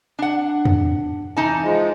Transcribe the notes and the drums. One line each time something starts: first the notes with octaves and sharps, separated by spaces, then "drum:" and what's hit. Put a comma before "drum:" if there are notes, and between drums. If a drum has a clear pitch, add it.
D4 F#5
drum: tom E2
E3 D#4 A5
F3 G#3